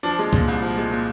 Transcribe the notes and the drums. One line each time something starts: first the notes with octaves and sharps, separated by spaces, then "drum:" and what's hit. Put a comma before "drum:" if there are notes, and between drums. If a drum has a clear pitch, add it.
F3 D4
G#3
A#2, drum: kick
C2
F3
G#3
A#2